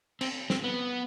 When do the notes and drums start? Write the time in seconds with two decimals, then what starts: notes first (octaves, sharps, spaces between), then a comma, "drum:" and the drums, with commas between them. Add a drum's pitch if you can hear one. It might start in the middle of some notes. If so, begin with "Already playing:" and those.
0.21 C4, drum: cymbal
0.50 C4, drum: snare
0.64 B3